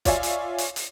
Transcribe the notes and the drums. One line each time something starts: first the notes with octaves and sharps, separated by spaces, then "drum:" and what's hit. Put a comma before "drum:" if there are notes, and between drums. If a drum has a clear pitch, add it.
F4 C#5 D5 E5 G#5, drum: kick, hi-hat
drum: hi-hat
drum: hi-hat
drum: hi-hat